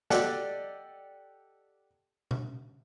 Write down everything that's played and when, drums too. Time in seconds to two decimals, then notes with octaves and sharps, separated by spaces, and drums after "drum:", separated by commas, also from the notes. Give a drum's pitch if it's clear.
0.10 G4 A4 D5 D#5 F#5, drum: snare
2.31 drum: tom B2